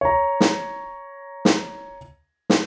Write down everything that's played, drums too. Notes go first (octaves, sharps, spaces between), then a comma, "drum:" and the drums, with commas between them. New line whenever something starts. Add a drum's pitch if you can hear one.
C#5 A#5
drum: snare
drum: snare
drum: snare